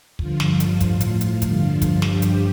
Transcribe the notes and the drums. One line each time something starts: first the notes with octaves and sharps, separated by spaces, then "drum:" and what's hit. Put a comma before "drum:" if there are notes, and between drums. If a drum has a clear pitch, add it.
G2 D3 F3 F4, drum: kick
drum: snare
drum: hi-hat
A2 F3, drum: kick, hi-hat
drum: hi-hat
drum: hi-hat
G2 D3 F3, drum: kick, hi-hat
drum: kick, hi-hat
G2 F3 G4, drum: snare
drum: hi-hat